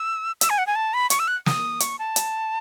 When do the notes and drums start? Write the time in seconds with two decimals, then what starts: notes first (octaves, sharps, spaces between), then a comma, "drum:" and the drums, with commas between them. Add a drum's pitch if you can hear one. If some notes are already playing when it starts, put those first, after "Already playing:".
Already playing: E6
0.41 E6, drum: hi-hat
0.50 G#5
0.58 F#5
0.67 G#5
0.75 A5
0.94 B5
1.10 C#6, drum: hi-hat
1.19 E6
1.28 F#6
1.46 D#6, drum: snare
1.80 C#6, drum: hi-hat
1.99 A5
2.16 drum: hi-hat